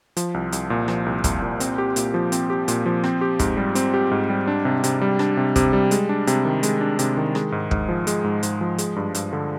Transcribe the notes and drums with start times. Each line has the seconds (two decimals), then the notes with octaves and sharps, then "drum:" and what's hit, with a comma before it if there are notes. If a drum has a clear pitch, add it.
0.17 F3, drum: hi-hat
0.34 C2
0.52 C2, drum: hi-hat
0.70 A#2
0.88 F3, drum: rim click
1.06 C2
1.24 C2, drum: kick, hi-hat
1.42 A#2
1.60 C4, drum: hi-hat
1.78 G4
1.96 A#2, drum: hi-hat
2.14 F3
2.32 C4, drum: hi-hat
2.50 G4
2.68 A#2, drum: hi-hat
2.86 F3
3.04 C4, drum: rim click
3.21 G4
3.39 G#2, drum: kick, hi-hat
3.57 G3
3.75 C4, drum: hi-hat
3.94 G4
4.11 G#2
4.30 G3
4.47 D4
4.65 C3
4.84 C3, drum: hi-hat
5.01 G3
5.19 D4, drum: rim click
5.37 C3
5.56 C3, drum: kick, hi-hat
5.73 G3
5.91 G#3, drum: hi-hat
6.09 D4
6.27 C3, drum: hi-hat
6.45 D#3
6.63 G#3, drum: hi-hat
6.81 D4
6.99 C3, drum: hi-hat
7.17 D#3
7.35 G#3, drum: rim click
7.52 G#2
7.71 G#2, drum: kick
7.89 F3
8.07 G#3, drum: hi-hat
8.24 G#2
8.43 G#2, drum: hi-hat
8.61 F3
8.78 G#3, drum: hi-hat
8.96 G2
9.15 G2, drum: hi-hat
9.33 D3